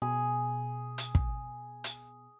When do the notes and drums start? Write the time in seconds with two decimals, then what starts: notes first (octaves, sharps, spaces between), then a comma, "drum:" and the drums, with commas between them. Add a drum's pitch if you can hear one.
0.02 B2 G#4
0.98 drum: hi-hat
1.15 drum: kick
1.84 drum: hi-hat